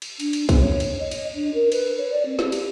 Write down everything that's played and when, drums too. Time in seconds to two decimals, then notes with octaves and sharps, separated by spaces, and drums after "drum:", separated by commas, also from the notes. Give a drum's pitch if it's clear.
0.02 drum: cymbal
0.20 D4, drum: cymbal
0.33 drum: cymbal
0.49 B3, drum: kick, cymbal
0.61 C#5
0.80 drum: cymbal
0.99 D#5
1.11 drum: cymbal
1.35 D4
1.54 A#4
1.72 B4, drum: cymbal
1.98 C#5
2.10 D5
2.25 C4
2.39 G4, drum: snare
2.52 drum: cymbal